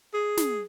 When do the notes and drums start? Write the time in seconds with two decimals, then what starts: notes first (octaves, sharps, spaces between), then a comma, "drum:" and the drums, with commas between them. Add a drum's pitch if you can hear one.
0.14 G#4
0.38 drum: snare